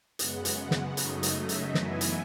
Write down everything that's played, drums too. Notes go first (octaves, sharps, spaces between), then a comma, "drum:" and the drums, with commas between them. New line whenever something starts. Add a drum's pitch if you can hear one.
F#2 C#3 G#3 B3 F#5, drum: hi-hat
drum: hi-hat
drum: snare
F#2 C#3 F#3 A3 D#4 D#5, drum: hi-hat
drum: hi-hat
E5
drum: hi-hat
F#2 E3 B3 E4 G#5, drum: snare
drum: hi-hat